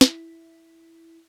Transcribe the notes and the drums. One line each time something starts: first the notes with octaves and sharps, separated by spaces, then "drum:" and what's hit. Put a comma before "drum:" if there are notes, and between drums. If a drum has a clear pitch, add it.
E4, drum: snare